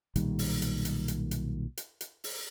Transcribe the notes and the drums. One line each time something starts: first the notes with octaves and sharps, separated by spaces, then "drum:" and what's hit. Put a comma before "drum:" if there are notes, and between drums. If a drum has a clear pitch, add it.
B1 A#2 D#3 G3, drum: hi-hat
drum: open hi-hat
drum: hi-hat
drum: hi-hat
drum: hi-hat
drum: hi-hat
drum: hi-hat
drum: hi-hat
drum: open hi-hat